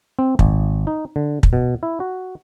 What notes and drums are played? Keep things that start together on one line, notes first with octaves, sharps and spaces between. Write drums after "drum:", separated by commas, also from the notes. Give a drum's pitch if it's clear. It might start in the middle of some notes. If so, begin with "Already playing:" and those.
C4
G#1, drum: kick
D#4
D3
drum: kick
B2
E4
F#4